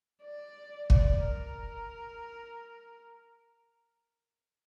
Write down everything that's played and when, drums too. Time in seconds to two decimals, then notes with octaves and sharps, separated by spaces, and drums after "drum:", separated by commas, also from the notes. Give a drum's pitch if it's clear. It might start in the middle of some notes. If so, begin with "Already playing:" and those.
0.23 D5
0.90 D5, drum: kick
1.23 A#4